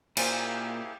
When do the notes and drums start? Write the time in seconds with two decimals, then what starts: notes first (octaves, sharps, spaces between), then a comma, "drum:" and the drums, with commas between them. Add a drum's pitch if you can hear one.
0.17 A#2 A#3 C#4 E4 G4 G#4 C5, drum: cymbal